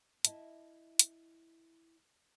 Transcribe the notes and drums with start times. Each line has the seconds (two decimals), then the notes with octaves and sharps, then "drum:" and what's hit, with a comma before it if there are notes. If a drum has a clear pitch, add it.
0.25 E4 D#5 E5 A5, drum: hi-hat
0.99 drum: hi-hat